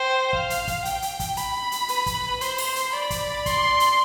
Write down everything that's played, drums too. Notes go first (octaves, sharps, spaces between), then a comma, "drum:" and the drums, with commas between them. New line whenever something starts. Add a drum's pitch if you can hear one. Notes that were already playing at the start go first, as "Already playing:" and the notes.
Already playing: C5 G5
F5, drum: kick
drum: hi-hat
drum: kick, hi-hat
G5, drum: hi-hat
drum: hi-hat
drum: kick, hi-hat
B5, drum: hi-hat
drum: hi-hat
B4, drum: hi-hat
drum: kick, hi-hat
C5 C6, drum: hi-hat
drum: open hi-hat
drum: hi-hat
D5 B5
drum: kick, hi-hat
C6, drum: kick, hi-hat
drum: hi-hat